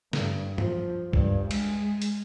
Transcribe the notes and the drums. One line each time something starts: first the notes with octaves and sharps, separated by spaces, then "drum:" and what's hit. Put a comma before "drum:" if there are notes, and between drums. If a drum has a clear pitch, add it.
G2, drum: snare
F3, drum: tom
G2, drum: kick B1
G#3, drum: cymbal
drum: hi-hat